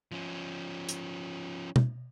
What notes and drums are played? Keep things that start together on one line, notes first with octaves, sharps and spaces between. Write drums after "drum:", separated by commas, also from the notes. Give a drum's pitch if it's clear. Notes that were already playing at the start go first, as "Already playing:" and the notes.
F3 C#4
drum: hi-hat
drum: tom B2